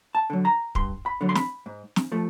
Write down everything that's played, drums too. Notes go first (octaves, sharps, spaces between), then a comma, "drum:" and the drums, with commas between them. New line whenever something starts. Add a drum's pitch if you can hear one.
A5
D3 F#3
A#5
G2 C6, drum: kick
B5
D3 F#3
C6
B5, drum: snare
G#2
drum: snare
F3 A3